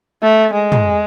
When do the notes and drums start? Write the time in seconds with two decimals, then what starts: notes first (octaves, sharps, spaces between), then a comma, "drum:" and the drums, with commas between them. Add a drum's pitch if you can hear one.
0.23 A3
0.54 G#3
0.72 drum: tom